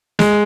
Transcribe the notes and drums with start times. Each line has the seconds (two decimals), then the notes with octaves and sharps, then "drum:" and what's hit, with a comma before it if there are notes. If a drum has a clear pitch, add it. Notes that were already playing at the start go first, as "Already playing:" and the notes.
0.19 G#3, drum: snare